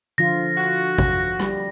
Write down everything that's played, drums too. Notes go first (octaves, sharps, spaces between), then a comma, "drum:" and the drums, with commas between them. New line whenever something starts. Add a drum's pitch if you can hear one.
D3 F3 F4 A#6
F#4
drum: kick
G3, drum: rim click